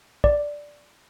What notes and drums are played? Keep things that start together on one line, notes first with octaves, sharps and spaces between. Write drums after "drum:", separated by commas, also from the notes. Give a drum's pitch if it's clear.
D5, drum: kick